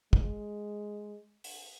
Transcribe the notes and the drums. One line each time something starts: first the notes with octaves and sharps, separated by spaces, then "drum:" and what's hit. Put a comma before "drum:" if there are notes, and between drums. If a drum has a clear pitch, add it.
G#3, drum: kick
drum: open hi-hat